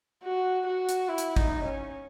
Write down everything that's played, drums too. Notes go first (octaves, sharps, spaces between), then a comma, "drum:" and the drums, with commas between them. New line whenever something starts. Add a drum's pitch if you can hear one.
F#4
F#4
drum: hi-hat
E4
drum: hi-hat
D#4, drum: kick
C#4